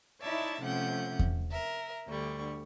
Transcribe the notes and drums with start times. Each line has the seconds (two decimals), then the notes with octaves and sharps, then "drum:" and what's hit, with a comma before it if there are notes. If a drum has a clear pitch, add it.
0.20 D#4 E4 C#5 D5 E5 A5
0.61 C3 F3 A3 C#4 F#5 G6
1.19 drum: kick E2
1.51 A#4 E5
2.07 D2 D3 G3 C#6